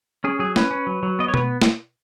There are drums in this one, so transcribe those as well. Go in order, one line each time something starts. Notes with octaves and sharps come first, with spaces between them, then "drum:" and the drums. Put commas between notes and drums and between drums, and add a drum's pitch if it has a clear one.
C#4 G#4
F#3 G#4
C#4 B4, drum: snare
C#4
F#3
F#3
B3 D#5
C#5
B3 B4, drum: tom B2
drum: snare